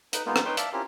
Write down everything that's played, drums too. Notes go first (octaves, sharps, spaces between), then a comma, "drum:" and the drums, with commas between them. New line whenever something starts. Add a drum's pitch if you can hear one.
D#4 B4, drum: hi-hat
G#3 A#3 B3 D#4 F4 A#4
drum: rim click
D#4 B4 C#5 G5 C6
D5 E5 F5 A5, drum: hi-hat
C4 C#4 E4 F4 G4 A#4